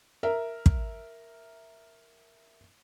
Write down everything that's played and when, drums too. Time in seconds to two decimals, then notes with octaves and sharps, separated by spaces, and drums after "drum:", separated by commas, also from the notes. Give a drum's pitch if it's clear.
0.23 A#4 E5
0.66 drum: kick